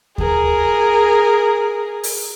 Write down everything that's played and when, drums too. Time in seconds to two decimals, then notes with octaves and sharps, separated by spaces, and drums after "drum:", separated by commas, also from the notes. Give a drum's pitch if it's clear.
0.18 G#4 A#4, drum: kick D#2
2.03 drum: open hi-hat